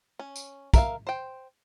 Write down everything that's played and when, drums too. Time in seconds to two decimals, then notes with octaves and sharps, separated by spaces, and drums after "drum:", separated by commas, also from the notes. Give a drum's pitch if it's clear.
0.19 C#4
0.36 drum: tambourine
0.74 A#4 E5 F5, drum: kick, tambourine
1.07 C5 G5